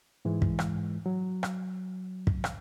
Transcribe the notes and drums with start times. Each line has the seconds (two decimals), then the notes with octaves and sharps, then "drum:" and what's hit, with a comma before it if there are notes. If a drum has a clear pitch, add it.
0.25 G#2 E3 G#3
0.42 drum: kick
0.59 drum: rim click
1.06 F#3
1.43 drum: rim click
2.27 drum: kick
2.44 drum: rim click